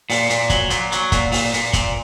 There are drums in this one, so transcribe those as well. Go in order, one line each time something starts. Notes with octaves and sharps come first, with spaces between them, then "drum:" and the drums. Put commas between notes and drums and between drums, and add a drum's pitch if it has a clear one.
A#2, drum: open hi-hat
A#2, drum: hi-hat
F#3, drum: kick G1, hi-hat
A#2, drum: hi-hat
F#3, drum: hi-hat
A#2, drum: kick G1, hi-hat
A#2, drum: open hi-hat
A#2, drum: hi-hat
A#2, drum: kick G1, hi-hat